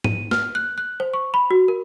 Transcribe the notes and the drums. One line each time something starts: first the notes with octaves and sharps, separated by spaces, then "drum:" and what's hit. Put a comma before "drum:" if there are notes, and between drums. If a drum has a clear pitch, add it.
D#7, drum: tom G#2
F6, drum: snare
F#6
F#6
C5
C#6
B5
F#4
A#4